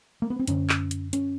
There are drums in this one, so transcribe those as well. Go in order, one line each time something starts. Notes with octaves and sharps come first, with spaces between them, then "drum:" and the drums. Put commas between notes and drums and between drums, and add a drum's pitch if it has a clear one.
A#3
B3
C4
F#2 D3 C#4, drum: hi-hat
drum: clap
drum: hi-hat
C#4, drum: hi-hat